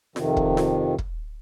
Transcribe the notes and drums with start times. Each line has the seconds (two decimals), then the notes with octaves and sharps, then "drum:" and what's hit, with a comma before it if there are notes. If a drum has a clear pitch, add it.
0.16 F2 C3 D#3, drum: snare F4
0.37 drum: kick
0.57 drum: snare F4
0.98 drum: kick